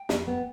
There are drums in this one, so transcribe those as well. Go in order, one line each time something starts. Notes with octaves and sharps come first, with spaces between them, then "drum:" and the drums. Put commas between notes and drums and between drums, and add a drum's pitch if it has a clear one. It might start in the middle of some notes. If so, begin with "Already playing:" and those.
Already playing: G5
F2, drum: snare
B3